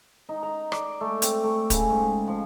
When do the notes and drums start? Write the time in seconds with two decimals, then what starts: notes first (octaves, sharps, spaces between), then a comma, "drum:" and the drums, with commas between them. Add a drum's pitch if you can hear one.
0.29 D#4
0.43 A#5
0.72 D5, drum: rim click
1.01 A3
1.22 C4, drum: hi-hat
1.44 A3
1.70 C#3, drum: kick, hi-hat
1.90 G#2
2.28 F3